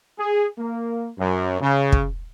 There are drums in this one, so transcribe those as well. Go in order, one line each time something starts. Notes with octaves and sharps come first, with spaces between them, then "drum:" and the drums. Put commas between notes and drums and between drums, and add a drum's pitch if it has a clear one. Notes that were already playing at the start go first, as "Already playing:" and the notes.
G#4
A#3
F#2
C#3
drum: kick